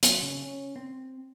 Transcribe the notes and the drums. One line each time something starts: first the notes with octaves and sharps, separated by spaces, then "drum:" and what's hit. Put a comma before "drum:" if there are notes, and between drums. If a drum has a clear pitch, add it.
F#3, drum: hi-hat
C#3
C#4
C4